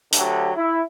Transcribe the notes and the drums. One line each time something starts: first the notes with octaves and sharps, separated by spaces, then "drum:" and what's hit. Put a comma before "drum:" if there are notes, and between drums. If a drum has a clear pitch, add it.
D2 D3 F#3 G4, drum: hi-hat
E4